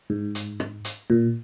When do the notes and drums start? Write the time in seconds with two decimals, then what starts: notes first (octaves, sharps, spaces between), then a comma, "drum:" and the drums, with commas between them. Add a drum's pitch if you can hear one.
0.10 G#2
0.35 drum: hi-hat
0.60 drum: rim click
0.85 drum: hi-hat
1.10 A#2